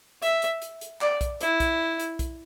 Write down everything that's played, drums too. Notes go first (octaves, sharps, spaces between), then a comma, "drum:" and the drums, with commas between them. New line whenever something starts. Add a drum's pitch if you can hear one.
E5, drum: hi-hat
drum: hi-hat
drum: hi-hat
drum: hi-hat
D5, drum: clap
drum: kick B1, hi-hat
E4, drum: hi-hat
drum: kick B1, hi-hat
drum: hi-hat
drum: kick B1, hi-hat